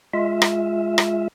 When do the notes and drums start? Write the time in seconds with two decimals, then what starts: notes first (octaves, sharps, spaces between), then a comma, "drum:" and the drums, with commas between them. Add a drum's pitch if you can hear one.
0.13 G#3 F4 E5
0.42 drum: rim click
0.98 drum: rim click